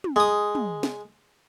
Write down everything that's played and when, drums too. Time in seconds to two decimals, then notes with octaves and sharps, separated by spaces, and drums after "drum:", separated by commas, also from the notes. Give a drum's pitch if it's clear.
0.04 drum: tom
0.16 G#3 D#6
0.55 drum: tom
0.83 drum: snare